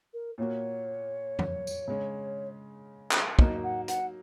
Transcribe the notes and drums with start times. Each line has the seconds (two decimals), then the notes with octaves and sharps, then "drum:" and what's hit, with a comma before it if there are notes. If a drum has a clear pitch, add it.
0.14 A#4
0.38 A#2 A#3 F#4 C#5
1.39 drum: tom F2
1.67 drum: tambourine
1.88 C#3 G#3 C#4
3.11 drum: clap
3.39 F#3 A#3 D#4 D#5, drum: kick
3.63 F#5
3.88 F#5, drum: hi-hat